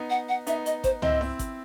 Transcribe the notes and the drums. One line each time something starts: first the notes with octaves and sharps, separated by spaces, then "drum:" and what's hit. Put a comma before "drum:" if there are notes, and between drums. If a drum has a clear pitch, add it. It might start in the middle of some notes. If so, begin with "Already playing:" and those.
Already playing: B3 D#4
F#5
F#5
B3 D#4 E5, drum: hi-hat
D#5, drum: hi-hat
C5, drum: kick G#1, hi-hat
C4 E4 D#5, drum: tom
drum: snare E4
drum: kick G#1, hi-hat